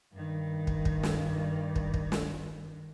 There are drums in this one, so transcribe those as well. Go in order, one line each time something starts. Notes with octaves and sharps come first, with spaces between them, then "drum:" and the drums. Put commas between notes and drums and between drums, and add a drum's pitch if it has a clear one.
G2 D#3
drum: kick
drum: kick
drum: snare
drum: kick
drum: kick
drum: snare